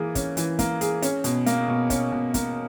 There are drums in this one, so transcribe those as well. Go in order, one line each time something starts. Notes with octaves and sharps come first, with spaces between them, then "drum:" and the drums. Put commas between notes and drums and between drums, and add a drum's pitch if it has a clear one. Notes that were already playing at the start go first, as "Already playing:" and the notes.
Already playing: E3 A#3 G#4
C#4, drum: kick, hi-hat
E3, drum: hi-hat
A#3, drum: kick, hi-hat
G#4, drum: hi-hat
C#4, drum: hi-hat
B2, drum: hi-hat
A#3, drum: hi-hat
B2
C#4, drum: kick, hi-hat
B2
A#3, drum: kick, hi-hat